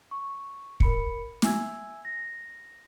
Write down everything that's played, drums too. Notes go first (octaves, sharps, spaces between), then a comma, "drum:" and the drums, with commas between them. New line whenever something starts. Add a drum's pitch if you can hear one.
C#6
A#4 B5 C#7, drum: kick
E5 G#5 E6 G#6, drum: snare
A#6